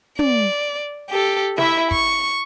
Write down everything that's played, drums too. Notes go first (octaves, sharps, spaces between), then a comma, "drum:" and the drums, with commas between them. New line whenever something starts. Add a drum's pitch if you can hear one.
D5, drum: tom
G4 A4
E4 E5, drum: snare
C#6, drum: kick